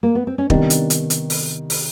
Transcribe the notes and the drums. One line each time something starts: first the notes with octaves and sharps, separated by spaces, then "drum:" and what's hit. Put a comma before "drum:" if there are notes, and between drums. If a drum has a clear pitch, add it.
A#3
B3
C4
C#4
C3 D#3 G3 B3 D4, drum: kick
drum: hi-hat
drum: hi-hat
drum: hi-hat
drum: open hi-hat
drum: open hi-hat